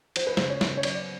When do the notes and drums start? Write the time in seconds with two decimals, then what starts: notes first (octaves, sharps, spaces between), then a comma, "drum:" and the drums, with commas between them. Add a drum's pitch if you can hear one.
0.16 F3 C5, drum: cymbal
0.27 B4
0.37 C#3 C5, drum: snare
0.50 C#5
0.61 C#3, drum: snare
0.77 C#5
0.83 F#3 D5, drum: cymbal
0.95 D5